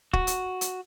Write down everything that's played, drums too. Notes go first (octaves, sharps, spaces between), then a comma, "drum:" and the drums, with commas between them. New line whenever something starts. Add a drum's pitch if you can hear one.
F#4, drum: kick
drum: hi-hat
drum: hi-hat